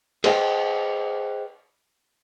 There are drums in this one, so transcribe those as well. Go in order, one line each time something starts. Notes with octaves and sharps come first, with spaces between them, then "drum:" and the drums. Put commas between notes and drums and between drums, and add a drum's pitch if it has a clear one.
G#4 B4 C5 D#5 G5, drum: cymbal